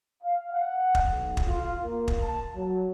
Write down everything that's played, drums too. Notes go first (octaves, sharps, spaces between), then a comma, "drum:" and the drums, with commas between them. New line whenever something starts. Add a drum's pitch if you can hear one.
F5
F#5
drum: kick
B1
drum: kick
F4
A#3
drum: kick
A5
F#3